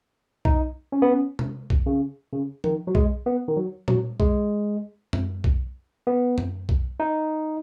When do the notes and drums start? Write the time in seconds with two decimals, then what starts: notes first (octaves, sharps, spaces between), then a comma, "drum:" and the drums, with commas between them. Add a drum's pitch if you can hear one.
0.45 D#4, drum: kick B1
0.92 C#4
1.02 B3
1.11 C#4
1.39 drum: tom C3
1.70 drum: kick B1
1.86 C#3
2.32 C#3
2.64 D#3, drum: tom F3
2.87 F#3
2.95 G#3, drum: kick B1
3.26 B3
3.48 D#3
3.57 F#3
3.88 F#3, drum: tom A#2
4.20 G#3, drum: kick B1
5.13 drum: tom F#2
5.44 drum: kick B1
6.07 B3
6.38 drum: tom F#2
6.69 drum: kick B1
7.00 D#4